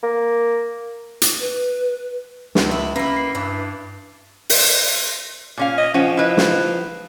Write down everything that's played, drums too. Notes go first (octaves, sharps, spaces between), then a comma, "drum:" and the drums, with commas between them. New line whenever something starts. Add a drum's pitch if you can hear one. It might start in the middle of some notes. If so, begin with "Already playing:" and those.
A#3
drum: hi-hat
B4
C#2, drum: snare
E4
A#3 C#4 E4 B4
C7
G2 E3
drum: open hi-hat
A#2 C#4 F5
D#5
F3 C#4 F#5
E4 B4 D#5
drum: snare